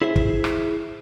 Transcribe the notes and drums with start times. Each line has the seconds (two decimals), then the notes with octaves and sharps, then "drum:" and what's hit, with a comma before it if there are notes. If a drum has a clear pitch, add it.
0.02 E4 G#4 C5 E5
0.16 drum: kick
0.44 drum: rim click